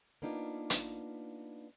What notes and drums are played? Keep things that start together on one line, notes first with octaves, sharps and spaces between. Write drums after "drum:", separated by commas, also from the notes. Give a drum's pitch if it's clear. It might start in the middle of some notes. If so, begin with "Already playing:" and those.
A#3 B3 D4 D#4 F4
drum: hi-hat